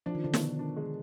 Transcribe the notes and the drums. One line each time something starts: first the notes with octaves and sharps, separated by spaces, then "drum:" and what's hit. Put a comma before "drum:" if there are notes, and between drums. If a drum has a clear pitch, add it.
F3 D4
D#3
D3 D4
D#3, drum: snare
B2
D4
G#3